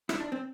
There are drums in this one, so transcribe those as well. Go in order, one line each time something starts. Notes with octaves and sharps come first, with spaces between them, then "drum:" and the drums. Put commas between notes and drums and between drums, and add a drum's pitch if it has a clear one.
E4, drum: rim click
D4
C4